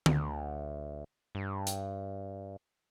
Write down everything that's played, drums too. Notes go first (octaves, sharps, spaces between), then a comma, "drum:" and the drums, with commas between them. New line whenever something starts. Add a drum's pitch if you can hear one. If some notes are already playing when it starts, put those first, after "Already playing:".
D2, drum: tom D3
G2
drum: hi-hat